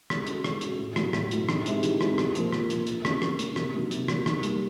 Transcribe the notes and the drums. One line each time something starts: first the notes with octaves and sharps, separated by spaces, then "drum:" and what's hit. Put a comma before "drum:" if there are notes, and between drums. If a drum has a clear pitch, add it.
G#3, drum: rim click
C#4 F#4 A4, drum: hi-hat
G#3, drum: rim click
C#4 F#4 A4, drum: hi-hat
A2
F#3 A3, drum: rim click
A2, drum: rim click
F#3 A3, drum: hi-hat
D#3, drum: rim click
G#3 C4 E4 G4, drum: hi-hat
D#3, drum: hi-hat
G#3 C4 E4 G4, drum: rim click
A#2, drum: rim click
F3 A#3, drum: hi-hat
A#2, drum: rim click
F3 A#3, drum: hi-hat
F3, drum: hi-hat
A#3 C#4, drum: rim click
F3, drum: rim click
A#3 C#4, drum: hi-hat
C3, drum: rim click
D#3 F#3 A#3
C3, drum: hi-hat
D#3 F#3 A#3, drum: rim click
D#3, drum: rim click
G3 A#3, drum: hi-hat